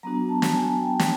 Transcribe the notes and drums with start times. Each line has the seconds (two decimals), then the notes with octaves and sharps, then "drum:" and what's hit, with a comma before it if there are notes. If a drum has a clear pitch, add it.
0.03 F#3 B3 D4 F#4 A#5
0.29 A5
0.42 drum: snare
0.55 G#5
0.80 G5
1.00 drum: snare